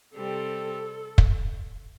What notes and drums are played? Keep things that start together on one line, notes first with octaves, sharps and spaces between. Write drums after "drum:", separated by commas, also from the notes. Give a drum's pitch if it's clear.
C3 G3 C4 G4 A4
drum: kick